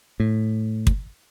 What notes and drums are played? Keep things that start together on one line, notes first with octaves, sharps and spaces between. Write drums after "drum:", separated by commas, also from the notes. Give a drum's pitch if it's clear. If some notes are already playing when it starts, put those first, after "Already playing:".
A2
drum: kick